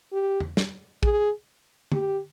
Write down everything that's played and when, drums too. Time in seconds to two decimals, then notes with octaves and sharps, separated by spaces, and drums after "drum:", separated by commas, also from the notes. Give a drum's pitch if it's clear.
0.12 G4
0.40 drum: tom E2
0.57 drum: snare
1.03 G#4, drum: kick
1.92 G4, drum: tom